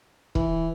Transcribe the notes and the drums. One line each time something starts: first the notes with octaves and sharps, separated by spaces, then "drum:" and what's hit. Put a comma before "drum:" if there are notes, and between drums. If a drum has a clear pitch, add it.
E3, drum: kick